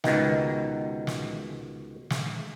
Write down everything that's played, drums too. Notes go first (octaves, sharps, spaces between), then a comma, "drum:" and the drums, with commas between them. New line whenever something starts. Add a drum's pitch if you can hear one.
C#2 B2 D#3, drum: snare
drum: snare
drum: snare